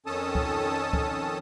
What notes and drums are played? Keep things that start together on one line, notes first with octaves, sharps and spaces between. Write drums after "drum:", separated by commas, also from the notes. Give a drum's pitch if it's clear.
F2 D#3 C#4 A4 A5 D#6
drum: kick C#2
drum: kick C#2